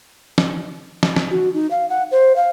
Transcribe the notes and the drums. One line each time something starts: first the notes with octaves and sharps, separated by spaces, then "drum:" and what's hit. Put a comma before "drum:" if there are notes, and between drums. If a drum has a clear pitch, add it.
drum: snare
drum: snare
drum: snare
F#4
D#4
F5
F#5
C5
F5